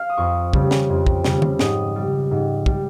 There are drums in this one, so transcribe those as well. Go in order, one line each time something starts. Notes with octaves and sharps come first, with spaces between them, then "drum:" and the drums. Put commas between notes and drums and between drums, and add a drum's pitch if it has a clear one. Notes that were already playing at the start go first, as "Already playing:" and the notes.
Already playing: F5
D#6
F2 C#6
C#3 G3, drum: kick
drum: snare
F2
drum: kick
C#3 G3, drum: snare
drum: tom
G#2 D#6, drum: snare
G3
G#2
G3, drum: kick